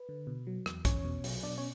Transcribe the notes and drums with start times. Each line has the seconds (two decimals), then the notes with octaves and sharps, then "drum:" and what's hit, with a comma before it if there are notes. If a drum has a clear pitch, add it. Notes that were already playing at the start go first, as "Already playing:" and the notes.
Already playing: B4
0.09 D3
0.27 B2
0.47 F#3
0.66 E2, drum: rim click
0.85 E2 C#4 C#5, drum: kick, hi-hat
1.04 B2
1.24 F#3, drum: open hi-hat
1.43 B2 D4 D5
1.58 C#4 C#5